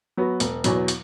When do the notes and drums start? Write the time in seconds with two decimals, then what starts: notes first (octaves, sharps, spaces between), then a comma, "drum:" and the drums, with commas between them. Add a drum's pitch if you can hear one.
0.17 F#3 B3 F#4
0.40 E1, drum: hi-hat
0.64 E2 B2 F#3, drum: hi-hat
0.88 drum: hi-hat